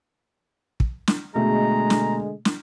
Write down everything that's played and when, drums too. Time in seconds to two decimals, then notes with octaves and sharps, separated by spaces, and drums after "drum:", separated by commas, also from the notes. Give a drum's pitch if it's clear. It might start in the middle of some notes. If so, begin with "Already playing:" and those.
0.80 drum: kick
1.07 drum: snare
1.35 B2 D3 G#3 A3 A#5
1.90 drum: snare
2.45 drum: snare